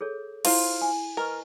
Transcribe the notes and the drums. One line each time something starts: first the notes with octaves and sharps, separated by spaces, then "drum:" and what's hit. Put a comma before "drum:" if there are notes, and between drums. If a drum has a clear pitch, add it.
G#4 A4 C#5
E4 F4 C5 F5, drum: cymbal
G#5
A#4 B4 D#5 C#6